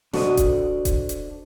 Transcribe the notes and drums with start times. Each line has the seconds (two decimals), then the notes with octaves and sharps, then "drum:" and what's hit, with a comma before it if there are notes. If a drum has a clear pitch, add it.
0.13 D4 F#4 A4 C5 D#5, drum: snare
0.37 drum: kick D#1, hi-hat
0.85 drum: kick D#1, hi-hat
1.09 drum: hi-hat